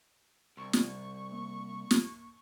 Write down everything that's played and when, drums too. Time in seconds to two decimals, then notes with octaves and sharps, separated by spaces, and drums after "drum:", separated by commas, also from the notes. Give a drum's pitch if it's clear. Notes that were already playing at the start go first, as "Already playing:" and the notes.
0.57 C2 C#6
0.73 drum: snare
1.32 A#3
1.91 drum: snare